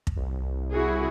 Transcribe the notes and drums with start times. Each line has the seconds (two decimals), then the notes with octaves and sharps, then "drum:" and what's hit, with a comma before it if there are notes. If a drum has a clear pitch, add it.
0.07 drum: kick
0.17 C2
0.72 E4 F#4 G#4